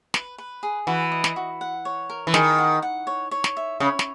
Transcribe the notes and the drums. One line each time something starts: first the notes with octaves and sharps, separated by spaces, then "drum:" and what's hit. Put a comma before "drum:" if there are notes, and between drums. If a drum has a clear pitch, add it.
B4, drum: snare
B4
G#4
E3 F#4
D#5
drum: snare
F#4
F#5
C#5
A#4
E3
D#3 G#4, drum: snare
F#5
F#5
C#5
C#5
drum: snare
E5
C#3 C#5
drum: snare